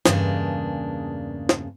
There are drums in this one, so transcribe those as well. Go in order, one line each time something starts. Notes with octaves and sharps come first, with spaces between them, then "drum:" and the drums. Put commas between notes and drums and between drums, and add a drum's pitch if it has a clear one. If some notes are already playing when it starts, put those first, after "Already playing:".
E2 G2 C#3 G#3 A#3 D4, drum: snare
drum: snare